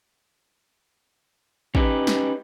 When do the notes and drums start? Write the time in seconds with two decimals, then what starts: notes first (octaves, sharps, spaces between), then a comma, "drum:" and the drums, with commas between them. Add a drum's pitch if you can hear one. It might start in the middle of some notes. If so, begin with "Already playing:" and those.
1.75 C#4 D#4 G4 B4, drum: kick
2.07 drum: snare